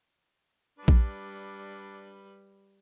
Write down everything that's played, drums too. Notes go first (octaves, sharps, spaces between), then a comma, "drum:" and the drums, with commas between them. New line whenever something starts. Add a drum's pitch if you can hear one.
G3 D4 B4
drum: kick A#1